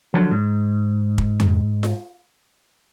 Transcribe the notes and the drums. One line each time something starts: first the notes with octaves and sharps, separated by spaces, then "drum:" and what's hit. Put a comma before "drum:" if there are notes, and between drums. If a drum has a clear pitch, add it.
D3 F3 F#3
G#2
drum: kick
drum: tom F2
drum: snare F4